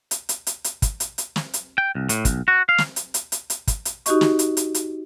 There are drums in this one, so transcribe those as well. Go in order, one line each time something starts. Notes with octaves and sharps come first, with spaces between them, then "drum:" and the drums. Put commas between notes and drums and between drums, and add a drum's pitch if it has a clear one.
drum: hi-hat
drum: hi-hat
drum: hi-hat
drum: hi-hat
drum: kick, hi-hat
drum: hi-hat
drum: hi-hat
drum: snare
drum: hi-hat
G5
C2
A2, drum: hi-hat
B1, drum: kick, hi-hat
F#4
F5
drum: snare
drum: hi-hat
drum: hi-hat
drum: hi-hat
drum: hi-hat
drum: kick, hi-hat
drum: hi-hat
D#4 F#4 G4 D#5 C#6, drum: hi-hat
drum: snare
drum: hi-hat
drum: hi-hat
drum: hi-hat